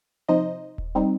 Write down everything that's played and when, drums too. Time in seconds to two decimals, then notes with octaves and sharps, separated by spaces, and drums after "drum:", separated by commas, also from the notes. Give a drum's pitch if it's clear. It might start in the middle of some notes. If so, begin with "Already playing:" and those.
0.28 C3 F3 D#4 C5 D#5
0.78 drum: kick D#1
0.95 G3 C4 D#4